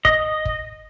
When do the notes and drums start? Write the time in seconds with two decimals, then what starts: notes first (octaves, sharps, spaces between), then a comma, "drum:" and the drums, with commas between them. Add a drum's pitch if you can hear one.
0.05 D#5, drum: kick
0.45 drum: kick